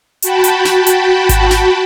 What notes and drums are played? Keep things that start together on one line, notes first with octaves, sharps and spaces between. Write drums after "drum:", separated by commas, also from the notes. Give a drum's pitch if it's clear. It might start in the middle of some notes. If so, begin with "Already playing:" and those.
F#4 G5 A5 B5, drum: hi-hat
drum: hi-hat
drum: snare
drum: hi-hat
drum: kick G#1, hi-hat
drum: snare